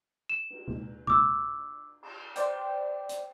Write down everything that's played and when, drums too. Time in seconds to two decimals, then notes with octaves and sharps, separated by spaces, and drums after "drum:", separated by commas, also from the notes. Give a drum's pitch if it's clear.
0.29 E7
0.50 drum: cymbal
0.68 drum: tom C3
1.07 D6 E6, drum: tom C3
2.03 drum: cymbal
2.36 C5 D5 G5, drum: hi-hat
3.09 drum: hi-hat